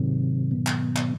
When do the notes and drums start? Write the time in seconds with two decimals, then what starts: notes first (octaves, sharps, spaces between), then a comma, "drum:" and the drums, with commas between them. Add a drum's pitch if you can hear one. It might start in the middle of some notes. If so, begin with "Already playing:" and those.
Already playing: G#2 C3 D#3 F#3
0.51 B2
0.67 drum: clap
0.96 drum: clap